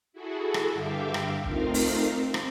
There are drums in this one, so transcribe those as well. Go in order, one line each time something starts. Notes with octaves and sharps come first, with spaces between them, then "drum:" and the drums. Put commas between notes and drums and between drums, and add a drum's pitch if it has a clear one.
E4 F#4 G#4 A4
drum: rim click
G2 D3 E5 F5 G5 D6
drum: rim click
A3 C4 D#4 F4 A#4 F5, drum: kick
drum: open hi-hat
C4
drum: rim click